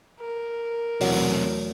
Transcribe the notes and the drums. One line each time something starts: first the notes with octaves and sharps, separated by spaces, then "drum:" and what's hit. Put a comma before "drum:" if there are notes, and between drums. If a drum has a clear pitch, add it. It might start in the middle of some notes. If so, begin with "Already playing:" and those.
A#4
B1 E2 C3 F#3 A3, drum: open hi-hat